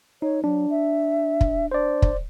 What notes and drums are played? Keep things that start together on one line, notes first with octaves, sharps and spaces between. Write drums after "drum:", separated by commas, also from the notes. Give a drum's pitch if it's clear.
D#4 C#5
F#3 D4
E5
drum: kick
D4 C5 D5
drum: kick